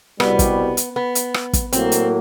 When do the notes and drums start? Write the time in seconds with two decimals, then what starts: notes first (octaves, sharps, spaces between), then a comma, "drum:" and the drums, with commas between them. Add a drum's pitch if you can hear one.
0.20 C2 B2 G3 B3, drum: rim click
0.39 drum: kick, hi-hat
0.77 drum: hi-hat
0.96 B3
1.15 drum: hi-hat
1.34 drum: rim click
1.53 drum: kick, hi-hat
1.73 A2 F#3 A#3 C4, drum: hi-hat
1.92 drum: hi-hat